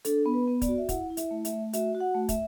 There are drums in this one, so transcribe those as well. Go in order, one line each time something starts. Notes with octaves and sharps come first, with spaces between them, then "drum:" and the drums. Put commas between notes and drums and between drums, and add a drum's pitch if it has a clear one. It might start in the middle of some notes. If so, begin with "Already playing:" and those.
D4 A4, drum: hi-hat
B3
B4
B3
D5, drum: kick, hi-hat
F#4
E5
E4 F#5, drum: kick, hi-hat
E4
E5, drum: hi-hat
A3
E5, drum: hi-hat
A3
F#4 E5, drum: hi-hat
F#4
F#5
A3
E5, drum: kick, hi-hat